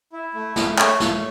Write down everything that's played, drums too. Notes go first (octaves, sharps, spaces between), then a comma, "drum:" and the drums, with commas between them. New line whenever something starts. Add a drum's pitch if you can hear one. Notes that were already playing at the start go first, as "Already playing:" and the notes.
E4
A3
A3, drum: snare
A3 C#5, drum: clap
A3, drum: snare